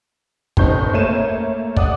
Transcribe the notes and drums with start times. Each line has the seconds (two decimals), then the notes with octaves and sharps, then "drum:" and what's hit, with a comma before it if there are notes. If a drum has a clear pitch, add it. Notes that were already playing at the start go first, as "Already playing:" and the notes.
0.57 F1 C#3 C4 D#4 C#6 G6, drum: kick
0.93 A3 A#3 C#5 D#7 E7
1.77 D5 F#5 D#6, drum: kick